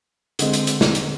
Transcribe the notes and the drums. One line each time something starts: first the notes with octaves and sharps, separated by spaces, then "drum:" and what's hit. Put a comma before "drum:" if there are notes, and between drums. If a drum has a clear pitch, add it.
D3 G#3 C4, drum: hi-hat
drum: hi-hat
drum: hi-hat
drum: snare
drum: hi-hat